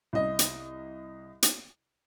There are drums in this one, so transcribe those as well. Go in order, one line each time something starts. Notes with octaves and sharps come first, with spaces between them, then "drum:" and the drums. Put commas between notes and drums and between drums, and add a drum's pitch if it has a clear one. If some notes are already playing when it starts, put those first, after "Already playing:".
C2 D#5
drum: hi-hat
drum: hi-hat